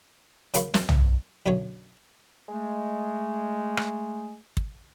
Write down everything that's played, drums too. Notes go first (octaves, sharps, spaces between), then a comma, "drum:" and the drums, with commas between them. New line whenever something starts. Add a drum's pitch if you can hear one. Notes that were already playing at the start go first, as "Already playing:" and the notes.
C#3 F#3 A#3 F5 B5 C#6, drum: hi-hat
F#2, drum: snare
drum: tom
B1 F#2 D3 F#3 C#5
G#3 A3
drum: rim click
drum: kick